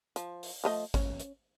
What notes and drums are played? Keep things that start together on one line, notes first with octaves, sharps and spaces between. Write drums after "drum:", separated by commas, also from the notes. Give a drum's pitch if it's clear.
F3, drum: hi-hat
drum: open hi-hat
F3 A3 D#5
C#4, drum: kick G#1, hi-hat
drum: hi-hat